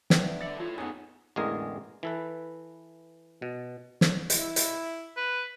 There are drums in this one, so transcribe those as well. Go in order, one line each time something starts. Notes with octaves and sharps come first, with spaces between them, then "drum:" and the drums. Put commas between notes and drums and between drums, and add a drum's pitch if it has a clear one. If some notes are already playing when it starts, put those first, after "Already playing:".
B3 D4 E4 B4 D5 G5, drum: snare
D3 D5 E5 C#7
E4 F4 A4 C#5
F2 B3 D#4 G#4 B4 C#5 G#5 A5
A1 E2 D3 G#3 G#4 A#4
E3 A4 B4
B2
drum: snare
E4, drum: hi-hat
drum: hi-hat
B4